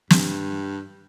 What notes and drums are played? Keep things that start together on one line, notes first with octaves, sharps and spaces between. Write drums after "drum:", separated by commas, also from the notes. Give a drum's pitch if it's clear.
G2, drum: snare